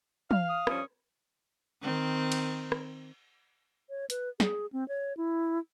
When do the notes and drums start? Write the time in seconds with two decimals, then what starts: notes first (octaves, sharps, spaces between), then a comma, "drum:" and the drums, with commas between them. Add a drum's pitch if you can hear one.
0.31 F5, drum: tom
0.49 D#6
0.67 G2 F3 C#4, drum: rim click
1.82 D#3 C4
2.32 drum: cymbal
2.72 drum: rim click
3.90 C#5
4.10 B4, drum: hi-hat
4.40 G#4, drum: snare
4.73 C4
4.88 C#5
5.17 E4